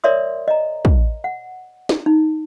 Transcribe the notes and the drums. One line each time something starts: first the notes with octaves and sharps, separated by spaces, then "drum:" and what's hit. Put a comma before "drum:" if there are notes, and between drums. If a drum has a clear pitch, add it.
A#4 C#5 D5 E5 C6 D#6
D#5 A#5
drum: kick
F#5
drum: snare
D#4